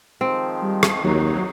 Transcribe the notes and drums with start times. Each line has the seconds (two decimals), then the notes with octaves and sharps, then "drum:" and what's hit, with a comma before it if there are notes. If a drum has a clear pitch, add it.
0.21 D#3 F3 G#3 C4
0.62 G3
0.83 drum: rim click
1.04 A1 D#2 D#3 F#3 D#4